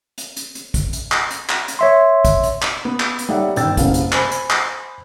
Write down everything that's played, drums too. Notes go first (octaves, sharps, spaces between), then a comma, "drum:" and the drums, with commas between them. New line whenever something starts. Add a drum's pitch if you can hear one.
drum: hi-hat
drum: hi-hat
drum: hi-hat
drum: kick, hi-hat
drum: hi-hat
drum: clap
drum: hi-hat
drum: clap
drum: hi-hat
C#5 E5 C6
drum: kick, hi-hat
drum: hi-hat
drum: clap
B3
drum: clap
drum: hi-hat
G3 D#4 A4 C#5 E5 F#5
G1 D#3 G5 E6 A6, drum: hi-hat
F#1 C2 C#3 B3 F5, drum: kick, hi-hat
drum: hi-hat
C5 G#5 B5, drum: clap
drum: hi-hat
drum: clap